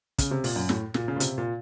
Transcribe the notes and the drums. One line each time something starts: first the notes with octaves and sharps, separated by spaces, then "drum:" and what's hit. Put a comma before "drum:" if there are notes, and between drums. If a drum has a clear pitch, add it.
C#3, drum: kick, hi-hat
C3
A#2, drum: open hi-hat
F#2
A2, drum: snare
A#2, drum: snare
C#3
A#2
C3, drum: hi-hat
A#2